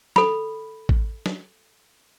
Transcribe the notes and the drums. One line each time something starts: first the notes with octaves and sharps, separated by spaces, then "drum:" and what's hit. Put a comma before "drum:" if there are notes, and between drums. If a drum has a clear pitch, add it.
A4 B5, drum: snare
drum: kick
drum: snare